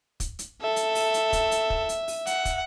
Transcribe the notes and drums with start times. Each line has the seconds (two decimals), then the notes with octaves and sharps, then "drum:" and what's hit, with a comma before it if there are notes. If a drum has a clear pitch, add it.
0.20 drum: kick, hi-hat
0.39 drum: hi-hat
0.62 A4 E5
0.76 drum: hi-hat
0.95 drum: open hi-hat
1.14 drum: hi-hat
1.33 drum: kick, hi-hat
1.51 drum: hi-hat
1.70 drum: kick
1.89 drum: hi-hat
2.08 drum: open hi-hat
2.27 F#5, drum: hi-hat
2.45 drum: kick, hi-hat